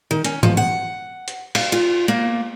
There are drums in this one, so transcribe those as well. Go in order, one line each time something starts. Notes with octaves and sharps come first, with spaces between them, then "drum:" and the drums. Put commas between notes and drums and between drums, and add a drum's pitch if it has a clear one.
D#3
C#4, drum: hi-hat
F3, drum: tom
F#5
drum: hi-hat
F5, drum: cymbal
F4
A#3